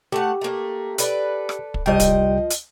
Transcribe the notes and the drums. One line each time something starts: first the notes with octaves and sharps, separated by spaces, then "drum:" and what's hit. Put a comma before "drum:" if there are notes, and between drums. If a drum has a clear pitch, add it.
A3 G4 F#5
A3 A#3
A4 B4 D5, drum: hi-hat
drum: rim click
drum: kick
C2 F3 G3 D#5 G5
drum: kick, hi-hat
drum: hi-hat